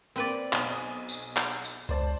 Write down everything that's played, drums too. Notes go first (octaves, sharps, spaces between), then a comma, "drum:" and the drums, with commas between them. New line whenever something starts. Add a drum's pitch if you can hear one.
A#3 C4 B4 D5
B1 G#5 D#6, drum: clap
drum: tambourine
drum: clap
drum: tambourine
C#2 C5 D5 A5